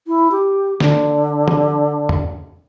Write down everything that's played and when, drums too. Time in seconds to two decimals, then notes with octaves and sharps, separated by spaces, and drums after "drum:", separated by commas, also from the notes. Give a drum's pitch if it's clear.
0.07 E4
0.31 G4
0.80 D3, drum: snare
1.48 drum: tom
2.09 drum: tom E2